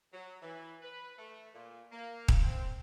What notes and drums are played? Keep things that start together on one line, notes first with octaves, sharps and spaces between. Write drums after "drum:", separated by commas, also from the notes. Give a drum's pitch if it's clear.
F#3
E3
B4
A3
A#2
A#3
drum: kick D#1
C4